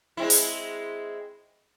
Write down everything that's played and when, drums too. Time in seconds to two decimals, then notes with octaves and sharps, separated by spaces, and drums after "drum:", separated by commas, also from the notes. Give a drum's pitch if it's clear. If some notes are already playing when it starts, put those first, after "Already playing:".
0.17 G#3 C4 E4
0.30 drum: open hi-hat